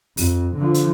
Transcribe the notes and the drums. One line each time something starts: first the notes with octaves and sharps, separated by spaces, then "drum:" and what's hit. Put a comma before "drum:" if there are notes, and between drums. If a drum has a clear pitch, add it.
F2, drum: open hi-hat
D3 F3
drum: hi-hat